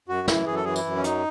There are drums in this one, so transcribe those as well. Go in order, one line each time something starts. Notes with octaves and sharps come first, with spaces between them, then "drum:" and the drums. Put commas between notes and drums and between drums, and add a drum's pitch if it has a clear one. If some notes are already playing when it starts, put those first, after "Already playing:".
F#2 F#4
E3 E4, drum: snare
F#2 G#4
A4
E3 G#4
E4, drum: tambourine
F#2
C#4
F#3 D#4, drum: hi-hat